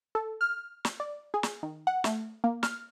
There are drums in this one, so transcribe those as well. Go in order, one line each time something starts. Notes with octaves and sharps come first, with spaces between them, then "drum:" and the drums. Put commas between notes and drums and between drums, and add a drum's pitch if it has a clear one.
A4
F6
drum: snare
D5
G#4
drum: snare
D#3
F#5
A3, drum: snare
A#3
F6, drum: snare